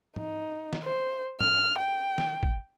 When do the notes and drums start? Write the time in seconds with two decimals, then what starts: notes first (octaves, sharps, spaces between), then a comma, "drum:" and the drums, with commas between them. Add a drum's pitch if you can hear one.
0.16 D#4, drum: tom
0.73 drum: snare D#3
0.84 C5
1.40 F6, drum: tom
1.78 G5
2.18 drum: snare D#3
2.43 drum: kick